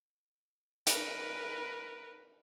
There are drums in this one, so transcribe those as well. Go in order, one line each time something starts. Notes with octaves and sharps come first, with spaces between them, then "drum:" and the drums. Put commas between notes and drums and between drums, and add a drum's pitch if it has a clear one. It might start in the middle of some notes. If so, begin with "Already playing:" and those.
A#4 B4, drum: hi-hat